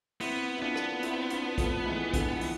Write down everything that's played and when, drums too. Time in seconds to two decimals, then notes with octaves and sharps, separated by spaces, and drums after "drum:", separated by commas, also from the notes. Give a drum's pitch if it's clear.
0.20 B3 C4 E4, drum: open hi-hat
0.57 E4
0.62 B3 D4 F4
0.76 drum: rim click
1.03 C4 E4, drum: hi-hat
1.30 D4 F4, drum: hi-hat
1.58 F3 A3, drum: kick A#1, hi-hat
1.86 E3 G#3
2.03 E3
2.14 D3 F3, drum: kick A#1, hi-hat
2.41 E3, drum: open hi-hat